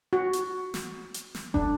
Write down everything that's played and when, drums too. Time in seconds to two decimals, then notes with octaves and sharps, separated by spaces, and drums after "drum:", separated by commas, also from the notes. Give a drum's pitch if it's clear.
0.13 F#4
0.33 drum: hi-hat
0.74 drum: snare
1.14 drum: hi-hat
1.35 drum: snare
1.54 D4, drum: kick